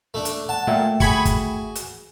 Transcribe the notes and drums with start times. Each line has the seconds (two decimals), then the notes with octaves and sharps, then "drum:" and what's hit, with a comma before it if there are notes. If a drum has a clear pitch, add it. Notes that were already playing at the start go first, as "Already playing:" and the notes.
0.14 A3 D4
0.25 drum: hi-hat
0.49 F#5 A5
0.67 A#2 A3 E5 G5
1.00 F#4 G#4 B5 G#6 C#7, drum: kick
1.25 drum: kick, hi-hat
1.75 drum: hi-hat